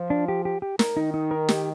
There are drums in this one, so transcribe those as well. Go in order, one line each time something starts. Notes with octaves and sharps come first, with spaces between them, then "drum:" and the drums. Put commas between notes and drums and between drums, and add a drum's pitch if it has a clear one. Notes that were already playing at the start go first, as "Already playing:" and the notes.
Already playing: F3
D4
G4
G4
G4
A#4, drum: snare
D#3 D#4
D#4
A#4
G4, drum: snare